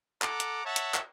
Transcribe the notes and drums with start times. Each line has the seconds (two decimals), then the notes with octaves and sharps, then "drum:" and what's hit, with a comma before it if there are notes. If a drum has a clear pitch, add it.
0.22 A4 F#5 A#5 D6, drum: clap
0.40 drum: hi-hat
0.65 C#5 E5 F#5 A5
0.76 drum: hi-hat
0.94 drum: clap